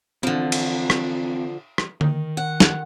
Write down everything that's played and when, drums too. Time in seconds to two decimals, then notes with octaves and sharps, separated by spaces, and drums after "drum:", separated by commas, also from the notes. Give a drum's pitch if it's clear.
0.23 D3 E3 F3 C4
0.52 drum: cymbal
0.90 drum: rim click
1.78 drum: rim click
2.01 D#3, drum: tom D3
2.37 F#5
2.60 drum: snare